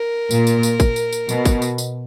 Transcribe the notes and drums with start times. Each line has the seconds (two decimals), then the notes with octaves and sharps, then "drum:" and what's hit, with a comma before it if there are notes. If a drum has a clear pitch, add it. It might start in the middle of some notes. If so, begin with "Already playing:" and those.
Already playing: A#4
0.31 A#2, drum: tambourine
0.47 drum: tambourine
0.63 drum: tambourine
0.80 drum: kick, tambourine
0.96 drum: tambourine
1.13 drum: tambourine
1.29 B2, drum: tambourine
1.45 drum: kick, tambourine
1.62 drum: tambourine
1.78 drum: tambourine